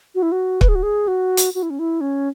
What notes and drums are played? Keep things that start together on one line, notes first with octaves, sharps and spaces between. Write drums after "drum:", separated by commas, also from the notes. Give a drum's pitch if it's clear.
F#4
E4
F#4
B4, drum: kick
G#4
F#4
G#4
F#4
drum: hi-hat
F#4
E4
C#4
E4
C#4